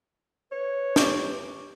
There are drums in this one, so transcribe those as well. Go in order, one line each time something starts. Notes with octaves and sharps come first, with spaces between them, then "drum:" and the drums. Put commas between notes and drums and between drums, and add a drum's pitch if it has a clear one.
B4 C#5
G4 C#6 D6, drum: snare